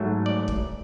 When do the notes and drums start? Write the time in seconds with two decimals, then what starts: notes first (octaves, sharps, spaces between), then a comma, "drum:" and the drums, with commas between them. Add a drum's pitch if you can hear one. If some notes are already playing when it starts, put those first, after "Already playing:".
Already playing: G#2 F#3 A3
0.26 D5
0.48 drum: kick